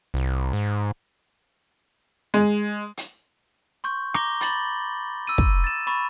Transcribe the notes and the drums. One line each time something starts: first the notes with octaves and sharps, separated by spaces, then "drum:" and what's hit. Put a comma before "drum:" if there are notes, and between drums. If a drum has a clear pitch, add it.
C2
G#2
G#3
drum: hi-hat
C6 C#6 G6
A#5 D6 A#6 G7, drum: rim click
B5 A6 F#7, drum: hi-hat
E6 D#7
drum: kick
A6 E7
B5 C#6 A6